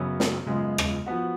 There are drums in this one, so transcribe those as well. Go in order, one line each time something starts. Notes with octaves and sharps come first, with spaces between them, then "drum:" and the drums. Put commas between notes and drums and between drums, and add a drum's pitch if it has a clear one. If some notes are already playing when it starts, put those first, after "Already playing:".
Already playing: F#2 C#3 F#3 B3
drum: snare
F#2 C#3 G#3 B3 F4
drum: rim click
F3 B3 F#4